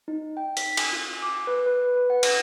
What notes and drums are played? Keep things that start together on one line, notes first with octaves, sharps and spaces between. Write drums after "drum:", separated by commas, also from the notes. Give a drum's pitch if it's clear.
D#4
G5
B6, drum: hi-hat
G#5, drum: cymbal
F4
D6
B4
B4
B4
F#5
A#6, drum: cymbal